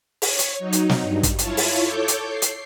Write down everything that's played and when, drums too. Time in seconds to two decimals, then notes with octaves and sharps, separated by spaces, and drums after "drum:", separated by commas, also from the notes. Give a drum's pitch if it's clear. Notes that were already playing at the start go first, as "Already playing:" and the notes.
0.22 C#5, drum: open hi-hat
0.39 drum: hi-hat
0.59 F#3 D#4
0.73 drum: hi-hat
0.89 drum: snare
1.02 G2
1.23 drum: kick, hi-hat
1.39 E4 F4 C#5 A5, drum: hi-hat
1.57 drum: open hi-hat
1.82 A4 C#5 D6 G6
2.08 drum: hi-hat
2.29 C7
2.42 drum: hi-hat